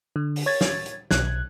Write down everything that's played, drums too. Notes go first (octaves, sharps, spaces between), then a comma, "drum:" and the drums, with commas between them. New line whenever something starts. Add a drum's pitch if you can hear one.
D3
drum: open hi-hat
C#5 G#6 A6
drum: snare
drum: hi-hat
B1 F#6 G#6, drum: snare